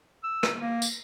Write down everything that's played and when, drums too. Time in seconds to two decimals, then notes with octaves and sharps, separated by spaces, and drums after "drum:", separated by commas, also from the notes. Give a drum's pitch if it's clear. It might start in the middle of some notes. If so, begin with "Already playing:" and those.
0.24 E6
0.43 drum: rim click
0.59 A#3
0.82 drum: tambourine